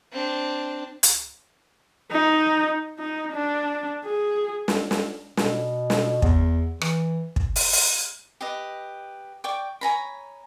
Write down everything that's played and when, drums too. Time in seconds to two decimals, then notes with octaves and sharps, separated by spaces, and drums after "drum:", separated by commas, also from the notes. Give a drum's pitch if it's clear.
0.12 C4 D4
1.03 drum: hi-hat
2.12 D#4
2.99 D#4
3.32 D4
4.05 G#4
4.68 drum: snare
4.91 drum: snare
5.37 B2, drum: snare
5.90 drum: snare
6.22 E2, drum: kick
6.81 E3, drum: rim click
7.36 drum: kick
7.56 drum: open hi-hat
7.73 drum: open hi-hat
8.41 G4 B4 D#5
9.44 D5 G5 C#6 D6
9.81 C#5 G#5 A#5 B5